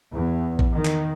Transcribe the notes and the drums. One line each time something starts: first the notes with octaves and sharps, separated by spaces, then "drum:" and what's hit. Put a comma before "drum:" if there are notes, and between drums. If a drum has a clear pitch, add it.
E2
drum: kick A#1
D#3
drum: clap